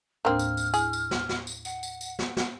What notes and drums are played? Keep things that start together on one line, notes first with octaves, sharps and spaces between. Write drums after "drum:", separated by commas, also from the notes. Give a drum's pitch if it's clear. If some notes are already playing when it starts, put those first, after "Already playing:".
D#2 A2 A#3 C4 D4 F6
drum: tambourine
drum: tambourine
E4 G#4, drum: tambourine
drum: tambourine
drum: snare
drum: snare
drum: tambourine
F#5, drum: tambourine
drum: tambourine
drum: tambourine
drum: snare
drum: snare